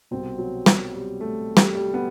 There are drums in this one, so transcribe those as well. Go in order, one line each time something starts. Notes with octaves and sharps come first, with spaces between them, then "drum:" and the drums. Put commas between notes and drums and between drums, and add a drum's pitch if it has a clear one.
C2 B2 C4
F#3
drum: snare
G3
A3
G3, drum: snare
G3
B3